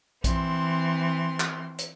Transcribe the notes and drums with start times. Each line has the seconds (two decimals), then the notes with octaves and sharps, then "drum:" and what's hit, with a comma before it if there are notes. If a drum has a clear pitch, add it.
0.24 E3 C4 C6, drum: kick A#1, hi-hat
1.40 drum: clap
1.79 drum: hi-hat